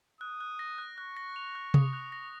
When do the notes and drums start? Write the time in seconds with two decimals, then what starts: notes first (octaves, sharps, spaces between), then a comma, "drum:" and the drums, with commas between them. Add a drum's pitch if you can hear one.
0.21 D#6 F#6
0.40 F#6
0.59 A#6
0.78 F#6
0.98 C#6 F#6
1.17 A#6
1.36 F7
1.55 F#6
1.74 D#6, drum: tom C3
1.93 F#6
2.12 A#6